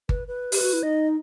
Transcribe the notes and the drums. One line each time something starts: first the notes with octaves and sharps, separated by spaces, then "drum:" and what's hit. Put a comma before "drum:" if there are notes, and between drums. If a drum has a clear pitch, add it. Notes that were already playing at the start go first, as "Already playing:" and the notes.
B4, drum: kick G1
B4
G4 B4, drum: open hi-hat
F#4
E4
D#4 D#5